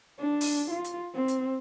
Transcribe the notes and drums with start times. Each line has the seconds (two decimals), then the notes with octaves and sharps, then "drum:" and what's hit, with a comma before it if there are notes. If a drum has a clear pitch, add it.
0.19 D4
0.41 drum: open hi-hat
0.71 F4
0.84 drum: hi-hat
1.14 C4
1.28 drum: hi-hat